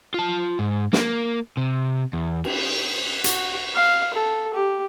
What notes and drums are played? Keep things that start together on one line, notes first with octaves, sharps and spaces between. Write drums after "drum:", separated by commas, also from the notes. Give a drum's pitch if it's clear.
F4 A5
G#2
A#3, drum: snare
C3
E2
drum: cymbal
F#4, drum: hi-hat
F5
A4
G4